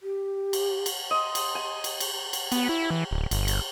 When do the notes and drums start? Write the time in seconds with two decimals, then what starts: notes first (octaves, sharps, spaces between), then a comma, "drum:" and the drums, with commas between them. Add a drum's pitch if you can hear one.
0.03 G4
0.53 drum: cymbal
0.86 drum: cymbal
1.11 D#5 C6
1.35 drum: cymbal
1.55 G#5
1.84 drum: cymbal
2.00 drum: cymbal
2.33 drum: cymbal
2.52 B3, drum: cymbal
2.69 E4
2.90 E3
3.11 D1
3.31 G1, drum: cymbal
3.48 drum: cymbal